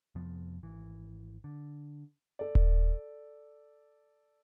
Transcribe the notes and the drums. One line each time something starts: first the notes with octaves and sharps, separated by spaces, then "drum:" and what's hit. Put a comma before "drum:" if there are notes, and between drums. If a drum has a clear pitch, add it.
F2 C3 F3 B3
G#1 E3
D3
A4 D5
drum: kick D#1